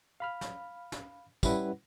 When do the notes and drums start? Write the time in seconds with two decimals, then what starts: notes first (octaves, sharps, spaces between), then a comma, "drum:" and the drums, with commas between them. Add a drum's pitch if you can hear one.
0.20 F5 B5 F6
0.41 drum: snare
0.92 drum: snare
1.43 G3 C#4 E4 B4 F#5, drum: kick, tambourine